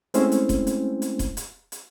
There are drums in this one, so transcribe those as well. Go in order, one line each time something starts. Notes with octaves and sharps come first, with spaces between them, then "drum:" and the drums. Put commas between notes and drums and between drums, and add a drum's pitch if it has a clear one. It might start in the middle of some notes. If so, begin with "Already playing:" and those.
G#3 A3 C4 C#4 E4 C5, drum: hi-hat
drum: hi-hat
drum: kick D#1, hi-hat
drum: hi-hat
drum: hi-hat
drum: kick D#1, hi-hat
drum: hi-hat
drum: hi-hat